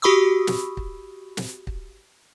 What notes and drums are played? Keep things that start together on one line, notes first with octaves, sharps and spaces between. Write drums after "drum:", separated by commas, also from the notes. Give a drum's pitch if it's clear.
F#4 G4 B5 C#6 D#6 E6
drum: snare
drum: kick
drum: snare
drum: kick